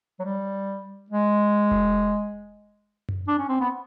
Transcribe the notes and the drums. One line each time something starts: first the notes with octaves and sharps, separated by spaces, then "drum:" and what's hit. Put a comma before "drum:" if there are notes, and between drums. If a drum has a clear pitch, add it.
F#3
G3
G#3
drum: kick F1
drum: tom F#2
D4
C#4
C4
B3